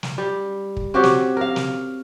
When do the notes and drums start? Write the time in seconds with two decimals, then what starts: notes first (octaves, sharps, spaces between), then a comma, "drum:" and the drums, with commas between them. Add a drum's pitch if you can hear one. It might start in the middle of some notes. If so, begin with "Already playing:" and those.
0.03 drum: snare
0.18 G3
0.77 drum: kick
0.94 C4 F#4 G4 C#5
1.03 drum: snare
1.37 A#4 F5
1.56 drum: snare